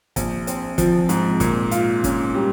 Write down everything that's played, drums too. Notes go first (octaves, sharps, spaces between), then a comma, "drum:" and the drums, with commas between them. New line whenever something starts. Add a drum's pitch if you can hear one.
A#1, drum: kick, hi-hat
C4, drum: hi-hat
F3, drum: kick, hi-hat
G#2, drum: hi-hat
A#2, drum: kick, hi-hat
F4, drum: hi-hat
C#4, drum: kick, hi-hat
G3